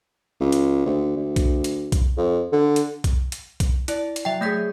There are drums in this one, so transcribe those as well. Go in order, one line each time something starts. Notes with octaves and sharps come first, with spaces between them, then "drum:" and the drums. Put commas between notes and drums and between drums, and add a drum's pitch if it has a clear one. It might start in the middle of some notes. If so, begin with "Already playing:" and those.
C#2
drum: hi-hat
D2
D2
drum: kick B1, hi-hat
drum: hi-hat
drum: kick B1, hi-hat
F2
D3
drum: hi-hat
drum: kick B1, hi-hat
drum: hi-hat
drum: kick B1, hi-hat
E4 D5, drum: hi-hat
drum: hi-hat
F#3 E5 G5
A3 G#4 C#5 E5 G6 B6